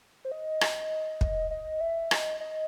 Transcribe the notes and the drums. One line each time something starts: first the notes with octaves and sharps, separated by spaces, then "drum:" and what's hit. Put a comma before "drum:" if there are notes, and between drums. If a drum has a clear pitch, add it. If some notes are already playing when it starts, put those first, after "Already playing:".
C5
D#5
drum: rim click
drum: kick
D#5
E5
D#5, drum: rim click
D#5